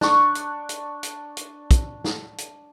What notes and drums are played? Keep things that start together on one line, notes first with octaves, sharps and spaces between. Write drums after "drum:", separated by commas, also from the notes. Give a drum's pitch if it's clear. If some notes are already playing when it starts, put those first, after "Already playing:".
D4 C#6, drum: snare
drum: hi-hat
drum: hi-hat
drum: hi-hat
drum: hi-hat
drum: kick, hi-hat
drum: snare
drum: hi-hat